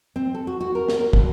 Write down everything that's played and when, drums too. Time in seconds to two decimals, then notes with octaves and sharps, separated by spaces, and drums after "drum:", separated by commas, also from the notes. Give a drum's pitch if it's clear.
0.16 C4
0.35 A4
0.47 F#4
0.61 F#4
0.75 A#4
0.89 drum: snare
1.00 A#4
1.13 B2, drum: kick